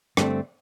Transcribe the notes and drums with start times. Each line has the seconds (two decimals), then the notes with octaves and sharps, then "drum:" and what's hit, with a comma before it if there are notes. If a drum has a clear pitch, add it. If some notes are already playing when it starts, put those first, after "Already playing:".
0.17 G2 D3 A3 C4, drum: rim click